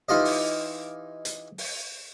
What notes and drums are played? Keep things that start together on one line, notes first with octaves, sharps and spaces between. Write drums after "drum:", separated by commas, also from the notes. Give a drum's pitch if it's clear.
E3 D#4 F4 G4 D#5
drum: open hi-hat
drum: hi-hat
drum: open hi-hat